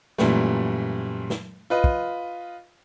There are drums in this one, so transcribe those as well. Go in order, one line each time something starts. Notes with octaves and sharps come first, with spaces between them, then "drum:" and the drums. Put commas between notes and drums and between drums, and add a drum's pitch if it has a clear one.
F#2 A#2 E3 G3 A3, drum: snare
drum: snare
F4 B4 D#5
drum: kick